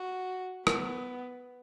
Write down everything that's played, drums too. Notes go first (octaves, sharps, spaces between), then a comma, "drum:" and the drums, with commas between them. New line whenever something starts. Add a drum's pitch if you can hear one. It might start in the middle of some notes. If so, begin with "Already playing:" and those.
Already playing: F#4
B3, drum: rim click